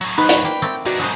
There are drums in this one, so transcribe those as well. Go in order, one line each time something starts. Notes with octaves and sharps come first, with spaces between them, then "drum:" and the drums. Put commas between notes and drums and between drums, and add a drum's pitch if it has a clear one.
A2 F#3
B3 D#4 B4 C5
drum: hi-hat
A#3 C5 G5
A3 A#3 C4
D4 D#4 F#4 B4
G#2 B2 F#3 F#4 C5 D#6